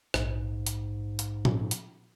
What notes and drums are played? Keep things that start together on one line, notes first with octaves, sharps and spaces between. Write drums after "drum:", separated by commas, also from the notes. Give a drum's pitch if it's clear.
A#1 G#2, drum: rim click
drum: hi-hat
drum: hi-hat
drum: tom A#2
drum: hi-hat